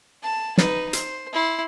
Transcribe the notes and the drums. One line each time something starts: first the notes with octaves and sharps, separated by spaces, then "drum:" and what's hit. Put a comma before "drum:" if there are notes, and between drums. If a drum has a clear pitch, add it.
A5
D#4 B4, drum: snare
C5, drum: hi-hat
E4 C6